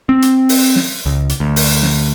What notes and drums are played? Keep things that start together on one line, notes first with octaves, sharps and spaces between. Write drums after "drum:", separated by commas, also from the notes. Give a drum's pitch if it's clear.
C4
drum: hi-hat
drum: open hi-hat
drum: snare
C#2
drum: hi-hat
D2
drum: open hi-hat
drum: snare